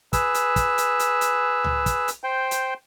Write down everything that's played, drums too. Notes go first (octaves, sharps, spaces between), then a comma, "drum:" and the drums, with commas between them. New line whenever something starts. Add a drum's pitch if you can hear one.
G#4 B4 E6, drum: kick, hi-hat
drum: hi-hat
drum: kick, hi-hat
drum: hi-hat
drum: hi-hat
drum: hi-hat
drum: tom C#2
drum: kick, hi-hat
drum: hi-hat
C5 G5
drum: hi-hat